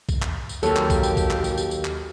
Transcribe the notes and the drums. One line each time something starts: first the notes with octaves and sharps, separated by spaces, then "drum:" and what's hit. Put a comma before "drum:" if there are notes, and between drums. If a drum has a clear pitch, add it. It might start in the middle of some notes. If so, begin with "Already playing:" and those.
drum: kick B1, tambourine
drum: clap
drum: tambourine
D#2 F#3 A#3 G4 A4, drum: tambourine
drum: clap
drum: kick B1, tambourine
drum: tambourine
drum: kick B1, tambourine
drum: clap
drum: tambourine
drum: tambourine
drum: tambourine
drum: clap